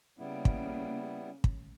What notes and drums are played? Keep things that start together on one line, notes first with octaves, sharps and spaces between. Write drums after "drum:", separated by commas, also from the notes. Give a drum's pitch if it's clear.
C#3 G3 A#3 B3 E4
drum: kick
drum: kick